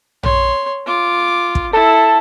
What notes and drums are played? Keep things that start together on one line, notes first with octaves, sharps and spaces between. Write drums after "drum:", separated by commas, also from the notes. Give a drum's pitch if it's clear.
C#5 C6, drum: tom A#1
F4 D6
drum: kick
E4 A4